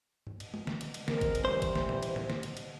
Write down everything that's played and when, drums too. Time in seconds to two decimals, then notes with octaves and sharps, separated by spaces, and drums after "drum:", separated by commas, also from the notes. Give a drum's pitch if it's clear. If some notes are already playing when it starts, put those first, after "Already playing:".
0.27 drum: tom G2
0.40 drum: cymbal
0.54 drum: tom G#3
0.67 drum: snare
0.81 drum: cymbal
0.94 drum: cymbal
1.08 G#3 C4 A#4, drum: snare
1.21 drum: kick, cymbal
1.35 drum: cymbal
1.45 E3 G3 C5
1.62 drum: kick, cymbal
1.75 drum: snare
1.89 drum: tom A2
2.03 drum: cymbal
2.16 drum: tom A2
2.30 drum: snare
2.43 drum: cymbal
2.57 drum: cymbal